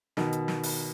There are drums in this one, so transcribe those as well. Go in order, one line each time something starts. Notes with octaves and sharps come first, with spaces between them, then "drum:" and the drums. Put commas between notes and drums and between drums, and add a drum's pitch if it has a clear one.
B2 D#3, drum: snare
drum: hi-hat
drum: snare
drum: open hi-hat